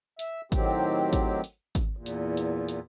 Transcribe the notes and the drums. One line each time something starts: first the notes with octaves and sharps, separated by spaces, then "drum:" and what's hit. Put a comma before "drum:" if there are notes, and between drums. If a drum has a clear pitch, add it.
E5, drum: hi-hat
A2 D#3 F#3 C4 G4, drum: kick G#1, hi-hat
drum: kick G#1, hi-hat
drum: hi-hat
drum: kick G#1, hi-hat
E2 A#2
drum: hi-hat
drum: hi-hat
drum: hi-hat